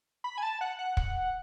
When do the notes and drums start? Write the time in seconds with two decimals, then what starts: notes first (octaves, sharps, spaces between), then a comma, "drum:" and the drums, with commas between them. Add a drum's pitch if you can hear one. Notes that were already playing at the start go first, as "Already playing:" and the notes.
0.24 B5
0.38 G#5
0.43 A5
0.61 F#5
0.79 F#5
0.97 F#5, drum: kick